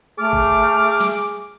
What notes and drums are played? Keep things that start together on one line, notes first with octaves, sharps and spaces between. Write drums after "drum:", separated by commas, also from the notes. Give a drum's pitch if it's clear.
A3 G#4 D6 F6
drum: kick G#1
drum: snare